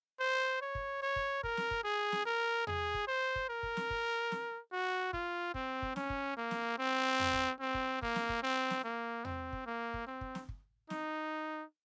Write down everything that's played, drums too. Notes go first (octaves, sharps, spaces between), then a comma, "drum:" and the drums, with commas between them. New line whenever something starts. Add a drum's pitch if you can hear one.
C5
C#5
drum: kick
C#5
drum: kick
A#4, drum: kick
drum: snare
drum: kick
G#4
drum: snare
A#4
G#4, drum: tom E2
drum: kick
C5
drum: kick
A#4
drum: kick
drum: snare
drum: kick
drum: snare
F#4
F4, drum: kick
C4, drum: kick
drum: kick
C#4, drum: snare
drum: kick
A#3
drum: snare
C4
drum: tom E2
drum: kick
C4
drum: kick
A#3, drum: kick
drum: snare
drum: kick
C4
drum: snare
A#3
C4, drum: tom E2
drum: kick
A#3
drum: kick
C4
drum: kick
drum: snare
drum: kick
D#4, drum: snare